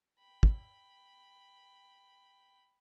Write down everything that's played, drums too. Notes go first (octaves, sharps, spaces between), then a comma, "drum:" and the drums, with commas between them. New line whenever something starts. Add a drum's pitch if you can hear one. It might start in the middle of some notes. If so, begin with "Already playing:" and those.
G5 B5
drum: kick